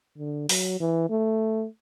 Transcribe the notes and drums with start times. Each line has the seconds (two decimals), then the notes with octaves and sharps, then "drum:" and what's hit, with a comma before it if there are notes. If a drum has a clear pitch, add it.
0.18 D3
0.49 F#3, drum: open hi-hat
0.80 E3
1.10 A3